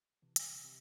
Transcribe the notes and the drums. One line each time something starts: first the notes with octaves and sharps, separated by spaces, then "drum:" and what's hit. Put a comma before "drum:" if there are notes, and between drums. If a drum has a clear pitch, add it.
C3 E3
D3 G3, drum: hi-hat
C3 E3
C3